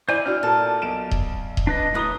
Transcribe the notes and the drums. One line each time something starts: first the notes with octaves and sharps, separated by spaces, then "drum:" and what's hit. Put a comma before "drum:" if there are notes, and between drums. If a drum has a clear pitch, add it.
E4 C5 D5 G#5
D4 E4 F#4 F6
A#2 A4 A#4
B1 D7 E7
drum: kick D#1
drum: kick D#1
D4 B4 D#5
D#3 F#3 A3 E4 B4 A#5 D#6 G7